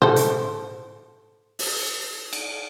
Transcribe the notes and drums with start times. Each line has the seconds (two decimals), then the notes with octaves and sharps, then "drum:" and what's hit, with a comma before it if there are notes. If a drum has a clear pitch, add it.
0.02 A4 C5, drum: tom
0.16 drum: hi-hat
1.59 drum: open hi-hat
2.33 drum: cymbal